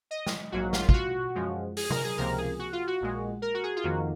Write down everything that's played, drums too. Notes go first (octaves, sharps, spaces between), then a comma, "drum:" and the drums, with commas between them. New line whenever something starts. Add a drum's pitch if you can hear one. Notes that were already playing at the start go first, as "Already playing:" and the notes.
D#5
drum: snare
A#1 G#2 F#3 A#3 F#4
F4, drum: snare
F4, drum: kick
F#4
F#2 F3 G#3
G#4, drum: open hi-hat
A#4, drum: tom C3
G#4
C#2 C3 F3 A#3 A#4
G#4
F#4
F4
F#4
A#1 A#2 G#3
A#4
F#4
G#4
F4
F2 D#3 A#3 F#4